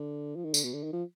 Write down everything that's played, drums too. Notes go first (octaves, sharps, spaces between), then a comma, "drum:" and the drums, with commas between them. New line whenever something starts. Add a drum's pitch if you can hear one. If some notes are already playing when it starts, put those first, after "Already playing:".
Already playing: D3
F3
D#3
D3, drum: tambourine
B2
D3
D#3
F3